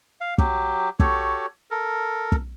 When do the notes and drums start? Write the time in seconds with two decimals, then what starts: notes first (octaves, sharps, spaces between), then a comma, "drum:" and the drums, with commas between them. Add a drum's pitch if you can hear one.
0.21 F5
0.38 F#3 G4, drum: kick
1.00 F#4 G4 A4 C#5, drum: kick
1.71 A4 A#4
2.32 drum: kick